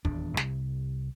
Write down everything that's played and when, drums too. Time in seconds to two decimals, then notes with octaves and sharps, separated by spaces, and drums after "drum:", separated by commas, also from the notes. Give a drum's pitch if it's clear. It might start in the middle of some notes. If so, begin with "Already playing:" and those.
0.05 D#1 E2 D4, drum: kick
0.37 C2, drum: snare